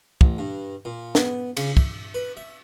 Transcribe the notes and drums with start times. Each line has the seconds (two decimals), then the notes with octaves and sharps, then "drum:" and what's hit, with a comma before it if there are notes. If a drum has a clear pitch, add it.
0.21 A1, drum: kick
0.38 G2
0.85 A#2
1.15 B3, drum: snare
1.57 C#3, drum: cymbal
1.77 E5, drum: kick
2.14 B4
2.37 E5